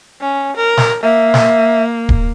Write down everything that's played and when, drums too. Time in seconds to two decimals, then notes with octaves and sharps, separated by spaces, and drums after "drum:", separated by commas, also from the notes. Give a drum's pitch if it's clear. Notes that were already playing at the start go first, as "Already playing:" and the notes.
0.21 C#4
0.57 A#4
0.77 drum: snare
1.03 A#3 E5
1.34 drum: snare
2.09 drum: kick D1